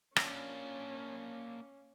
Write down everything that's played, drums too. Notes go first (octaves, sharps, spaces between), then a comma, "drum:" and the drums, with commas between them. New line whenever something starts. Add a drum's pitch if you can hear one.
A#3 C#4 D4, drum: rim click